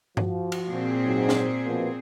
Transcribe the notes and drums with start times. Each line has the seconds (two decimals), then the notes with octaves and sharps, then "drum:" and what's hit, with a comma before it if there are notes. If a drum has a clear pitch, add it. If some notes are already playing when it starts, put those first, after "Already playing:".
0.17 F3 F#4, drum: tom G2
0.52 drum: cymbal
0.70 A#2 C4 G#4
1.03 G#2 F#3
1.29 drum: snare
1.65 B2 F3 A#3